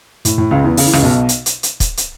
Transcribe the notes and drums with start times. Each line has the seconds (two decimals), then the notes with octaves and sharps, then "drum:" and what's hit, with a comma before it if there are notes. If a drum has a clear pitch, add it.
0.25 A2, drum: hi-hat
0.38 A2
0.51 C#2 C#3
0.64 E2 E3
0.77 C#3, drum: open hi-hat
0.86 E3
0.93 C#2 C#3, drum: rim click
1.02 B1 B2
1.29 drum: hi-hat
1.46 drum: hi-hat
1.63 drum: hi-hat
1.80 drum: kick, hi-hat
1.97 drum: hi-hat